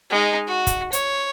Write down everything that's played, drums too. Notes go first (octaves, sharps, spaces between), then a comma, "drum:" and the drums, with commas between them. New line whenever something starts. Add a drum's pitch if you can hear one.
G#3 D#4
F#4
drum: kick, hi-hat
C#5, drum: hi-hat